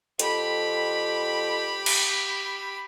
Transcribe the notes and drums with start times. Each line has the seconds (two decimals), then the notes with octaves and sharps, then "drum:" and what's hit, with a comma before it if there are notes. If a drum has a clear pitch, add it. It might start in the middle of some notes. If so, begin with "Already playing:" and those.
0.19 F2 G4 B5, drum: hi-hat
1.86 drum: cymbal